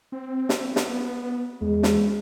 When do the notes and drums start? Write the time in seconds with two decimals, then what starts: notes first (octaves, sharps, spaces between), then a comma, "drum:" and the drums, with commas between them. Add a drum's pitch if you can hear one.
0.12 C4
0.49 drum: snare
0.76 B3, drum: snare
1.62 E2 G#3
1.83 drum: snare